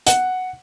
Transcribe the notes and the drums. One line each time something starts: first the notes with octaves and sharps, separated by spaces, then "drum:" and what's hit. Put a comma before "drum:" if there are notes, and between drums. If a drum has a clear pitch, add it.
F#5, drum: hi-hat